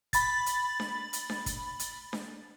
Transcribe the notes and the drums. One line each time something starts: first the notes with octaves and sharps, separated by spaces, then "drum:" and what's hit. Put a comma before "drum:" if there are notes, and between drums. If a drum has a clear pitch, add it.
B5 A6, drum: kick, hi-hat
drum: hi-hat
drum: snare D4
drum: hi-hat
drum: snare D4
drum: kick, hi-hat
drum: hi-hat
drum: snare D4